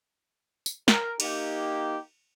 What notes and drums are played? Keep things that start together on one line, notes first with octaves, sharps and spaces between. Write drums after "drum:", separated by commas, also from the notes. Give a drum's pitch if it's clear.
drum: tambourine
A#4, drum: snare
A#3 D#4 G4, drum: cymbal